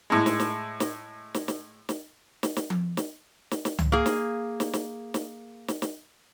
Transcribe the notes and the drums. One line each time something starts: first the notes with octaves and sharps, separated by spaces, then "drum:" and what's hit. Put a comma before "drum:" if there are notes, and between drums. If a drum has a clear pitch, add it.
A2 G#3
drum: snare
drum: snare
drum: snare
drum: snare
drum: snare
drum: snare
drum: snare
drum: snare
drum: tom F3
drum: snare
drum: snare
drum: snare
drum: tom C#2
A#3 G#4
drum: snare
drum: snare
drum: snare
drum: snare
drum: snare
drum: snare